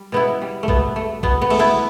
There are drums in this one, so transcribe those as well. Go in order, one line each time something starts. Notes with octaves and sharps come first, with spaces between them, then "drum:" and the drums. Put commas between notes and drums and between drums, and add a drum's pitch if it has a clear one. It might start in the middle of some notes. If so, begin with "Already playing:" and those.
Already playing: G3 G4
B2 B3 E4
G3
A3
B2 B3, drum: kick
A3
B2 B3, drum: kick
B3
A3, drum: cymbal
B3 E4